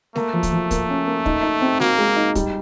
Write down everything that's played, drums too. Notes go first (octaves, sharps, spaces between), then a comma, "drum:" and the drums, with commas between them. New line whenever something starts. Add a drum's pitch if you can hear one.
A3 A#3, drum: snare
F3
drum: kick, hi-hat
F3
A#3, drum: kick, hi-hat
C#4
A#3
D#4, drum: kick
D#4
C4
A#3 F#4, drum: snare
G#3
D#4
G3, drum: kick, hi-hat